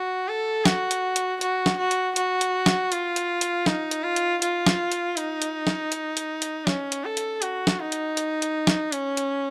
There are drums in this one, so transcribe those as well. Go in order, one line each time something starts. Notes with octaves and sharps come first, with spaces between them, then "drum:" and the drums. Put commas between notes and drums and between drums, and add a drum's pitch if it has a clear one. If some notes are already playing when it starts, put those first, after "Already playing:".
Already playing: F#4
A4
F#4, drum: snare
drum: hi-hat
drum: hi-hat
F#4, drum: hi-hat
drum: snare
F#4
drum: hi-hat
F#4, drum: hi-hat
drum: hi-hat
drum: snare
F4, drum: hi-hat
drum: hi-hat
drum: hi-hat
D#4, drum: snare
drum: hi-hat
F4
drum: hi-hat
F4, drum: hi-hat
drum: snare
drum: hi-hat
D#4, drum: hi-hat
drum: hi-hat
drum: snare
drum: hi-hat
drum: hi-hat
drum: hi-hat
C#4, drum: snare
drum: hi-hat
A4
drum: hi-hat
F#4, drum: hi-hat
drum: snare
D#4
drum: hi-hat
drum: hi-hat
drum: hi-hat
drum: snare
C#4, drum: hi-hat
drum: hi-hat